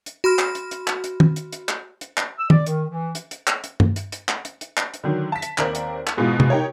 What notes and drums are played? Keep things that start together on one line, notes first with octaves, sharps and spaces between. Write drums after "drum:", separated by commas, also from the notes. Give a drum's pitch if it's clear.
drum: hi-hat
F#4 B5 C6 F6
drum: clap
drum: hi-hat
drum: hi-hat
drum: clap
drum: hi-hat
drum: tom D#3
drum: hi-hat
drum: hi-hat
drum: clap
drum: hi-hat
drum: clap
E6
D5, drum: tom D#3
D#3, drum: hi-hat
E3
drum: hi-hat
drum: hi-hat
drum: clap
drum: hi-hat
drum: tom G2
drum: hi-hat
drum: hi-hat
drum: clap
drum: hi-hat
drum: hi-hat
drum: clap
drum: hi-hat
D3 D#3 F#3
A5 B6
drum: hi-hat
D#2 C4 A#4 D5 F#7, drum: clap
drum: hi-hat
drum: clap
G#2 B2 E3 G#3 F4
drum: tom C3
D#4 G4 A#4 C#5